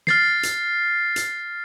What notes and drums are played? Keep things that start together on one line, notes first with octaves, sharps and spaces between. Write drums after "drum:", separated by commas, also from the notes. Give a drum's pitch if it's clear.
F6 A6 C7, drum: snare
drum: hi-hat
drum: hi-hat